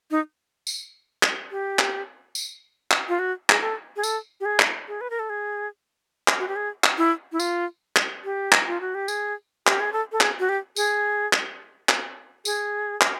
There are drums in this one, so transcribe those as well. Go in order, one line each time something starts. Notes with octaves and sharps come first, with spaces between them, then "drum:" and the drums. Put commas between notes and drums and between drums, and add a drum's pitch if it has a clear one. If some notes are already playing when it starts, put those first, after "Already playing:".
D#4
drum: tambourine
drum: clap
G4
drum: clap
drum: tambourine
drum: clap
F4
F#4
G#4, drum: clap
A4
G#4
A4, drum: tambourine
G4
G#4
drum: clap
G#4
B4
A#4
A4
G#4
drum: clap
F#4
G4
G#4
drum: clap
E4
E4
F4, drum: tambourine
drum: clap
G4
drum: clap
F4
F#4
G4
G#4, drum: tambourine
G4, drum: clap
G#4
A4
A4
G#4, drum: clap
F#4
G4
G#4, drum: tambourine
drum: clap
drum: clap
G#4, drum: tambourine
drum: clap